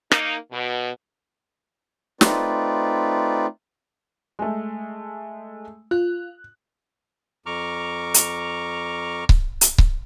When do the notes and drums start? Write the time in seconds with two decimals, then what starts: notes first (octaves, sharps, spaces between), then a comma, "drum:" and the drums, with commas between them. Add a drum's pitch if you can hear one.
0.12 A#3 D#4, drum: rim click
0.52 B2
2.21 A3 C4 D#4 F4 B4 D5, drum: snare
4.39 G#3 A3
5.91 F4 F#6
7.46 F2 A#5 C#6 D6 F6
8.14 drum: hi-hat
9.29 drum: kick C#1
9.61 drum: hi-hat
9.78 drum: kick C#1